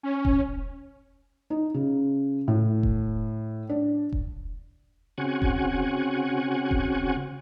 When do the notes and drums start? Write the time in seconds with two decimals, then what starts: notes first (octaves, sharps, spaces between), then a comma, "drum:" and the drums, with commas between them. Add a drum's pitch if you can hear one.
0.03 C#4
0.25 drum: kick E1
1.50 D#4
1.74 C#3
2.48 A2
2.83 drum: kick E1
3.69 D4
4.13 drum: kick E1
5.18 C#3 C4 C#4 F#4 F#5 G#5
5.42 drum: kick E1
6.71 drum: kick E1